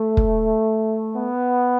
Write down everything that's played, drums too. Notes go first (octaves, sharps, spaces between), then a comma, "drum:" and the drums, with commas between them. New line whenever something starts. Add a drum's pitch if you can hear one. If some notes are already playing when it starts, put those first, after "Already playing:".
Already playing: A3
drum: kick
B3